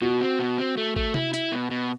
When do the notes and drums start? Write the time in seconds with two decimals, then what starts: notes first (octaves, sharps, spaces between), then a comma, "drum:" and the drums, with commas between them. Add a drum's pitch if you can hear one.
0.01 B2 F#4
0.21 C4
0.39 B2
0.58 C4
0.77 A3
0.96 A3, drum: kick
1.14 E4, drum: tom C3
1.34 E4, drum: hi-hat
1.52 B2
1.71 B2